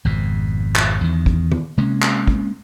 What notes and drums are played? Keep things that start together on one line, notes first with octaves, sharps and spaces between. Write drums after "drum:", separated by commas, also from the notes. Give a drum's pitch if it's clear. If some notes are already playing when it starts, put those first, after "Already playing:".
G#1 F2 B2
drum: clap
E2 D#3
drum: kick
drum: tom D#3
C3 G#3 A#3 C#4
drum: clap
drum: kick